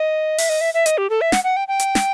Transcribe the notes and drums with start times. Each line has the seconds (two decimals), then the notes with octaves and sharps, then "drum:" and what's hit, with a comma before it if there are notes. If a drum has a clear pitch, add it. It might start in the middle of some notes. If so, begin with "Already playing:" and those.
Already playing: D#5
0.38 E5, drum: open hi-hat
0.49 D#5
0.61 E5
0.74 E5
0.86 D#5, drum: hi-hat
0.98 G4
1.10 A4
1.21 E5
1.32 F#5, drum: snare
1.44 F#5
1.57 G5
1.68 G5
1.80 drum: hi-hat
1.95 drum: snare